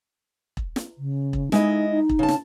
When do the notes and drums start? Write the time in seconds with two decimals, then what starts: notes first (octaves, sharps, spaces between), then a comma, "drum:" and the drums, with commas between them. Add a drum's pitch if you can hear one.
0.57 drum: kick E1
0.76 drum: snare
0.98 C#3
1.33 drum: kick E1
1.52 G#3 D#4 E4 D#5, drum: snare
1.90 D#4
2.09 drum: kick E1
2.19 C#3 A5
2.29 drum: snare